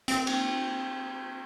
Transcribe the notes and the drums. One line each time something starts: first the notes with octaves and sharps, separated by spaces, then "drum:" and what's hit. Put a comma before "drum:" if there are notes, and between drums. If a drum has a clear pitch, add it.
C4, drum: hi-hat
drum: cymbal